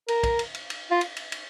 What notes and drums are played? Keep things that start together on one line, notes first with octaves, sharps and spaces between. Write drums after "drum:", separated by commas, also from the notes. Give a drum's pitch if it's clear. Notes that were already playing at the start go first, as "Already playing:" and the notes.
A#4, drum: cymbal
drum: kick, cymbal
drum: cymbal
drum: cymbal
drum: cymbal
F4
drum: cymbal
drum: cymbal
drum: cymbal